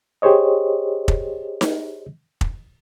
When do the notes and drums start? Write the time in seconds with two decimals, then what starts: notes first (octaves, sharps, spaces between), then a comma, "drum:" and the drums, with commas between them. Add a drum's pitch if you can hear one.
0.22 G4 G#4 C5 C#5 D#5
1.08 drum: kick
1.61 drum: snare D#4
2.41 drum: kick